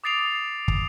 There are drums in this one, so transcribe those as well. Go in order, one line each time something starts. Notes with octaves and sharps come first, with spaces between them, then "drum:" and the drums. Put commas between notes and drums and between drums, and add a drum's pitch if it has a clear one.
D6 D#6 A6 C7 D7 F7
drum: kick